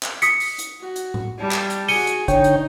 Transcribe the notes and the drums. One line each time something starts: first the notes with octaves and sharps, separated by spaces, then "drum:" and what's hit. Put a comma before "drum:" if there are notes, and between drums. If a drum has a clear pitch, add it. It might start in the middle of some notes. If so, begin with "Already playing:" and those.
drum: clap
D#6 B6 C#7, drum: hi-hat
drum: open hi-hat
drum: hi-hat
F#4
drum: hi-hat
drum: tom A2
G3 A5
drum: clap
drum: hi-hat
F#4 G#4 C#7 D#7 G7, drum: open hi-hat
drum: hi-hat
D3 D#4 C#5 G5, drum: kick G#1, hi-hat
drum: hi-hat